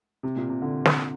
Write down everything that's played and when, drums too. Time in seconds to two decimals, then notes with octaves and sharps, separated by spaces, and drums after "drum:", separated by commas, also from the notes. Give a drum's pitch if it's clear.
0.23 C3
0.36 A#2
0.49 C3
0.62 D3
0.85 drum: snare